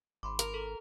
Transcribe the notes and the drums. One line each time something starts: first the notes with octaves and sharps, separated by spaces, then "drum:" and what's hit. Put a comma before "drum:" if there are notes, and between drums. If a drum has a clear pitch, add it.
G#1 B5 C6 D6
A#4, drum: hi-hat
A4